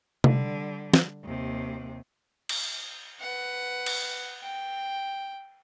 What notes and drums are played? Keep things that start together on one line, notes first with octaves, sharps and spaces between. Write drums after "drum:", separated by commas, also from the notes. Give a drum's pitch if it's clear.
D3 G3, drum: tom C3
drum: snare
D#2 C3
drum: cymbal
B4 F#5
drum: cymbal
G5